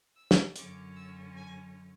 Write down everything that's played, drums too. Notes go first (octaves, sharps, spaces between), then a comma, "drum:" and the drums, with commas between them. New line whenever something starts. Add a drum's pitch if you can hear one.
E6
drum: snare
F#2 D3 F#3 C#4 D6, drum: hi-hat
E6
G#5